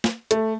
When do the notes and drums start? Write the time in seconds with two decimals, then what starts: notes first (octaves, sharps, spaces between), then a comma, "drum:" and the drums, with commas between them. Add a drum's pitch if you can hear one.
0.04 drum: snare
0.31 A3, drum: hi-hat